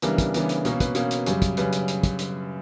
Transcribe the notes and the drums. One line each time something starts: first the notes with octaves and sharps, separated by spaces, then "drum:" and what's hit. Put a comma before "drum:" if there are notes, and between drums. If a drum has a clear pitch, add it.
C#3 E3 G3 B3 D4 A#4, drum: hi-hat
drum: kick, hi-hat
C#3 E3 G3 B3 D4, drum: hi-hat
drum: hi-hat
B2 A#3 C#4 A#4, drum: hi-hat
B4, drum: kick, hi-hat
B2 A#3 C#4, drum: hi-hat
drum: hi-hat
F#2 C#3 G3, drum: hi-hat
drum: kick, hi-hat
F#2 C#3 G3 B4, drum: hi-hat
drum: hi-hat
drum: hi-hat
drum: kick, hi-hat
drum: hi-hat